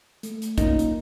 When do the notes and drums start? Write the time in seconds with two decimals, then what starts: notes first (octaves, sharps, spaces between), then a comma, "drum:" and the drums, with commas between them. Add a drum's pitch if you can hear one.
0.23 A3, drum: hi-hat
0.42 drum: hi-hat
0.58 F#2 A#2 A#3 C#4 D#4, drum: kick, hi-hat
0.79 drum: hi-hat